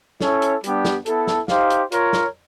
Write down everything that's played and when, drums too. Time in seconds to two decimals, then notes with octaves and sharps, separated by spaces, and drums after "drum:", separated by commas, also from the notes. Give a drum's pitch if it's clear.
0.21 C#4 E4 A4 C#5, drum: snare
0.42 drum: hi-hat
0.64 G3 B3 D4 G4, drum: hi-hat
0.85 drum: snare
1.06 B3 E4 A4, drum: hi-hat
1.27 drum: snare
1.48 D#4 G4 C5 F5, drum: snare
1.70 drum: hi-hat
1.92 F4 A#4 C#5, drum: hi-hat
2.13 drum: snare